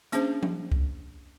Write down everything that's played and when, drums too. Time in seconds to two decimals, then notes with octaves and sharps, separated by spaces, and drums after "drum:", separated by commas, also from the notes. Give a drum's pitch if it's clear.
0.12 A#3 C#4 D4 G#4 C5, drum: hi-hat
0.43 drum: tom F3
0.72 drum: kick C2